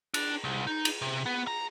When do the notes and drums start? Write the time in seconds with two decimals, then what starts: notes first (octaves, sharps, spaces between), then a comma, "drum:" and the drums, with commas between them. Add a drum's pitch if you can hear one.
0.14 D4, drum: cymbal
0.44 C2
0.67 D#4
0.85 drum: cymbal
1.02 C3
1.26 B3
1.47 A#5